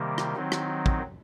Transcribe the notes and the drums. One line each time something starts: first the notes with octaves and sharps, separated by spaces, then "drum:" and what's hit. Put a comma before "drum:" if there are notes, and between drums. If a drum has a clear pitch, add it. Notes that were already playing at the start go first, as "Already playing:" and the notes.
Already playing: C3 D#3 G3 A#3
drum: rim click
D#3 F#3 C4 D#4
drum: rim click
drum: kick